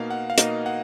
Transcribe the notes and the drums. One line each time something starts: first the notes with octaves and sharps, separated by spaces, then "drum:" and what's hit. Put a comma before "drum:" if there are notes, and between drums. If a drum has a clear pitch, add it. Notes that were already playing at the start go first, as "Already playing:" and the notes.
Already playing: B2 A#3 D#4 F5
F#5
F5
B2 A#3 D#4 D#5, drum: hi-hat
F#5